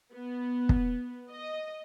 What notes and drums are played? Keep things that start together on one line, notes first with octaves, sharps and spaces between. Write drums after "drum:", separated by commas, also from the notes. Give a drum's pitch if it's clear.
B3
drum: kick
D#5